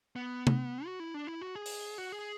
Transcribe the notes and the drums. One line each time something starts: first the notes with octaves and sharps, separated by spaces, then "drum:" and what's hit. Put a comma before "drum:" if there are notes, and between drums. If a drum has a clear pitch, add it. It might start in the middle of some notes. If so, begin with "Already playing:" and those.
B3
drum: tom C3
F#4
E4
D4
E4
F#4
G#4
drum: open hi-hat
F#4
G#4